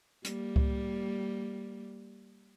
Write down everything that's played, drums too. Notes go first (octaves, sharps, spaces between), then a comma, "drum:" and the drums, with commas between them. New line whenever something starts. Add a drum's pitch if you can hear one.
G3 A#3, drum: hi-hat
drum: kick C#2